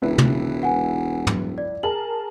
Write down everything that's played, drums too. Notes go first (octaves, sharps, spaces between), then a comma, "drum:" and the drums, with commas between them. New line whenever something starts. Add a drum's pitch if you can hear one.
E1 C#2 E4 B4
drum: tom
F#5 G#5
drum: tom
D5
G#4 A#4 A5 F#7